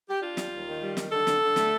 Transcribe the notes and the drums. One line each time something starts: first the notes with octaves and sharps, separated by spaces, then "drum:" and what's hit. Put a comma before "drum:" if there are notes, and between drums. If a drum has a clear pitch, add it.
G4
D4 F4
G3, drum: snare
D#2
D#3
G3
D#3, drum: snare
D3 A4
D3, drum: snare
D3
A3, drum: snare